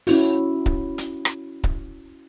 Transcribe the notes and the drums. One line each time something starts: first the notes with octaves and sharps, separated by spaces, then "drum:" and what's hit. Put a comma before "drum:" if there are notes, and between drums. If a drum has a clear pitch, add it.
C#4 E4 F#4, drum: open hi-hat
drum: kick C#1
drum: hi-hat
drum: rim click
drum: kick C#1